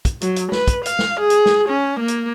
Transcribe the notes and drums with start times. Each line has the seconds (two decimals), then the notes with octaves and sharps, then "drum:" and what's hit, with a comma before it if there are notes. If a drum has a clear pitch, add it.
0.05 drum: kick, hi-hat
0.21 F#3, drum: hi-hat
0.36 drum: hi-hat
0.52 B4, drum: snare
0.67 drum: kick, hi-hat
0.85 F5, drum: hi-hat
0.99 drum: snare
1.20 G#4
1.30 drum: hi-hat
1.46 drum: snare
1.69 C#4
1.99 A#3
2.08 drum: hi-hat